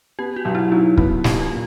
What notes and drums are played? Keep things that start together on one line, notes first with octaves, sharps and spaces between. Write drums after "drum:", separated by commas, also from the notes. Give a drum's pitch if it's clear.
B3 G4
F#4
B1
E4
F#3 D#4
B3, drum: kick
A#2 G4, drum: snare
G4
A#2